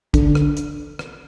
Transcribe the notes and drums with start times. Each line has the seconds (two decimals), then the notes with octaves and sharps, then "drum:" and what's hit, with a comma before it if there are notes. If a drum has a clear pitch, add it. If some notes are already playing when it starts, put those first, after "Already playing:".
0.14 D3, drum: kick, hi-hat
0.35 drum: rim click
0.57 drum: hi-hat
0.99 drum: rim click